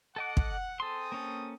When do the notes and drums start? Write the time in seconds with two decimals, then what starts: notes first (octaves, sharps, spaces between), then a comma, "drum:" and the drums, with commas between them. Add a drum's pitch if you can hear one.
0.16 A4 D#5 F#5 D6
0.37 drum: kick
0.80 C4 G#4 A4 C6 D#6
1.12 A#3 C#4 A4